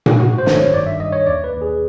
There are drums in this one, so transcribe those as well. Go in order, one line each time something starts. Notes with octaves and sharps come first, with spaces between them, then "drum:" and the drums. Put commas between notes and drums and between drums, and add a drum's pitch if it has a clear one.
drum: tom A#2
G#2 F#4
C5
D#3, drum: snare
C#5
G2 D5
E5
G2 D#5
C#5
D#2 D5
B4
D#2
G#4